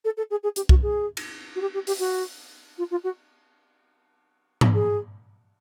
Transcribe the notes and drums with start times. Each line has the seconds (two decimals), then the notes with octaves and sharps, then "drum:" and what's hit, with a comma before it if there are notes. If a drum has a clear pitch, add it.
0.05 A4
0.17 A4
0.31 G#4
0.43 G#4
0.56 G4, drum: hi-hat
0.69 F#4, drum: kick C2
0.82 G#4
1.17 drum: cymbal
1.55 F#4
1.61 G4
1.74 G4
1.87 G4, drum: open hi-hat
1.99 F#4
2.78 F4
2.91 F4
3.04 F#4
4.61 drum: tom G#2
4.74 G#4